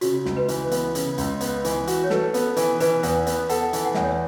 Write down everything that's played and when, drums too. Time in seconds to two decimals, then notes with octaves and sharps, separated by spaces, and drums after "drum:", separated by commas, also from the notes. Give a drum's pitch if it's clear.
0.01 C#3 F#4, drum: hi-hat
0.26 C#2, drum: snare
0.37 B4
0.48 E3, drum: hi-hat
0.71 B3, drum: hi-hat
0.95 C#3, drum: hi-hat
1.18 C#2, drum: hi-hat
1.41 B3, drum: hi-hat
1.65 E3, drum: hi-hat
1.87 F#4, drum: hi-hat
2.04 C#5
2.10 A4 B4, drum: snare
2.34 B3, drum: hi-hat
2.56 E3, drum: hi-hat
2.80 E3 B4, drum: hi-hat
3.03 E2, drum: hi-hat
3.27 B3, drum: hi-hat
3.49 A4 F#5, drum: hi-hat
3.73 E3, drum: hi-hat
3.85 F#5
3.94 E2 E5, drum: snare
4.03 C#5
4.12 E5